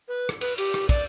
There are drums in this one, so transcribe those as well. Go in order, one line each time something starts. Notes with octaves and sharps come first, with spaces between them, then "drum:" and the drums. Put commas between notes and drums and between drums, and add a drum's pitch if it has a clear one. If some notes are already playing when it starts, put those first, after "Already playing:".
B4
drum: rim click
B4, drum: cymbal
G4, drum: cymbal
drum: rim click
D5, drum: kick, cymbal